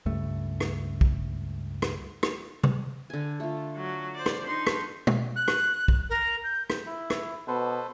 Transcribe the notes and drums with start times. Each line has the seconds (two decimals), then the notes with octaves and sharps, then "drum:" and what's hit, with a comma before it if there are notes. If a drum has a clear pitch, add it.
0.06 C#2 G2 A3
0.60 drum: rim click
1.01 drum: kick
1.82 drum: rim click
2.23 drum: rim click
2.64 drum: tom C3
3.10 D3 G#5
3.40 A3 F4
3.76 F#3
4.15 C5 D5
4.26 drum: rim click
4.46 D4 D#4 C6
4.67 drum: rim click
5.07 drum: tom
5.36 F#6
5.48 drum: rim click
5.88 drum: kick
6.09 A#4
6.43 G6
6.70 drum: rim click
6.86 E4
7.10 drum: rim click
7.48 B2 A4 B4 C5